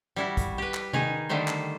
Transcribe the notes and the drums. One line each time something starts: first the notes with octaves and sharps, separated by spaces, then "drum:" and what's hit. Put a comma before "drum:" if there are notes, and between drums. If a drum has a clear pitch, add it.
G3 E4 F#4
drum: kick, hi-hat
G4 B4
drum: clap
D#3 D#4 G#4, drum: tom C3
D3 D#3 G3 A3 C5
drum: clap